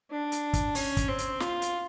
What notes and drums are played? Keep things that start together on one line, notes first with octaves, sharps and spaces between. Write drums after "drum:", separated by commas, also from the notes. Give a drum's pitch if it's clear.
D4
drum: hi-hat
drum: kick, hi-hat
C#4, drum: open hi-hat
drum: kick, hi-hat
C4
drum: hi-hat
F4, drum: snare
drum: hi-hat